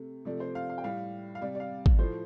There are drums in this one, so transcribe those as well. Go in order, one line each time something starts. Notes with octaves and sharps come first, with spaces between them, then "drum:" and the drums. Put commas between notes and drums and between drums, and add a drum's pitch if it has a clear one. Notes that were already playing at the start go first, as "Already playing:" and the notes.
Already playing: C3 A3
C3 F3 A3 D5
C5
F5
F5
G5
A2 G3 F5
F5
C3 G3 D5
D5
F5
drum: kick
A2 F3 A3 C5